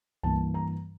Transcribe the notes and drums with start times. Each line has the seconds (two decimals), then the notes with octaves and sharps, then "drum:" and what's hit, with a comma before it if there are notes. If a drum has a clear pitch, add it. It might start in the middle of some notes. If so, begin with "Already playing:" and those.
0.23 G2 E3 A#3 A5, drum: kick C2
0.54 A#5